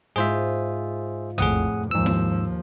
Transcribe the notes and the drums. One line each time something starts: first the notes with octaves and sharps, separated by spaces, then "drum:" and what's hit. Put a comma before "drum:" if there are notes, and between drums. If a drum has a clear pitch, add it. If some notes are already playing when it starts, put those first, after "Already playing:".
G#2 F4 G#4 C5 E5
F2 A2 G#4 F#5 D#6, drum: tom
D#2 G#2 F3 E6
drum: snare E4